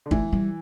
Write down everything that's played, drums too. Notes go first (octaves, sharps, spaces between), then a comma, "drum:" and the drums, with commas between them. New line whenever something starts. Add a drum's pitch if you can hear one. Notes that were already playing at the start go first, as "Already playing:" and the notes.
D3
E3 A3, drum: kick
G3